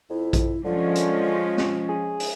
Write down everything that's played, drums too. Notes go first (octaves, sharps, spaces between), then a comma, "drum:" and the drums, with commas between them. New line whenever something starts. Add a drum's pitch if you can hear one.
F2 E4
drum: kick A#1, hi-hat
D3 F3 G#3 C#4 F4
drum: hi-hat
drum: snare
G#4
drum: open hi-hat